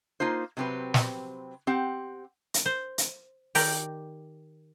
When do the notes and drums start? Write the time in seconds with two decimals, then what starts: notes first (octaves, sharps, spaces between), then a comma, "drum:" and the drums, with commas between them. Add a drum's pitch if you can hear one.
0.20 A#3 D#4 F4 C5
0.57 C3 F#3 C4 G4 B4
0.94 drum: snare
1.67 C4 G4 F#5
2.54 drum: hi-hat
2.66 C5
2.98 drum: hi-hat
3.55 D#3 G4 A#4 D5, drum: open hi-hat